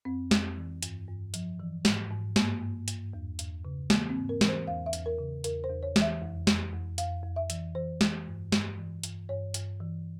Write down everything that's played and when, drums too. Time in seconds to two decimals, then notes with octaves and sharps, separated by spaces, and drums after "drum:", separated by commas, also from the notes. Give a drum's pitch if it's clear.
0.05 F2 C4
0.31 F2, drum: snare
0.57 E3
0.83 G2, drum: hi-hat
1.08 G2
1.34 F3, drum: hi-hat
1.60 E3
1.85 G#2, drum: snare
2.11 G#2
2.36 G2 A#3, drum: snare
2.61 G2
2.88 G2, drum: hi-hat
3.13 E2
3.39 E2, drum: hi-hat
3.65 C#3
3.90 E3 A#3, drum: snare
4.09 C4
4.17 G#2
4.29 A#4
4.41 E3, drum: snare
4.48 C5
4.67 E2 F5
4.86 E5
4.93 E2, drum: hi-hat
5.06 A#4
5.19 C#3
5.44 E2 A#4, drum: hi-hat
5.64 C5
5.70 E2
5.83 C#5
5.96 E3, drum: snare
6.02 E5
6.22 F2
6.47 F2, drum: snare
6.73 F2
6.98 F2 F5, drum: hi-hat
7.23 F2
7.36 E5
7.50 E3, drum: hi-hat
7.75 E3 C5
8.01 E3, drum: snare
8.27 G2
8.52 G2, drum: snare
8.78 E3
9.03 G2, drum: hi-hat
9.29 G2 C#5
9.54 G2, drum: hi-hat
9.80 E3